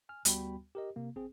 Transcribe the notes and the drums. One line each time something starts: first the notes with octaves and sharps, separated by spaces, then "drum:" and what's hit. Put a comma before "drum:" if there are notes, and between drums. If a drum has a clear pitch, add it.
G#5 F6
D2 G3 B3 F#4 G5 B5, drum: hi-hat
G4 A#4 D#5
C3 A#3
G#1 C4 G#4